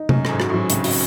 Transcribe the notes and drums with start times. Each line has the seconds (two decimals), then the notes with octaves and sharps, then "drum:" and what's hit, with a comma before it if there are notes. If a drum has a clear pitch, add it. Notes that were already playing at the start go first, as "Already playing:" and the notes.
Already playing: D#4
0.09 F#2 F#3, drum: tom C3
0.25 G#1 G#2 A4, drum: rim click
0.40 F#4, drum: rim click
0.49 A1 A2 F#3
0.70 C#2 C#3 C4, drum: hi-hat
0.84 F#4, drum: open hi-hat